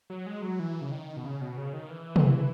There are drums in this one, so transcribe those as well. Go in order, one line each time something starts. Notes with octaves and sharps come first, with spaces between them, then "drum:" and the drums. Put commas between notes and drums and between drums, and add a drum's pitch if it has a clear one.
F#3
G#3
F#3
E3
C#3
D#3
B2
C#3
B2
C#3
D#3
E3
drum: tom C3